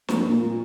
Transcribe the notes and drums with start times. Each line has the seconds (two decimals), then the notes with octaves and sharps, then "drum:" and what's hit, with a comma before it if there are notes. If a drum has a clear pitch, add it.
0.08 F2 A#3, drum: snare
0.19 G2
0.29 A#2
0.41 A#2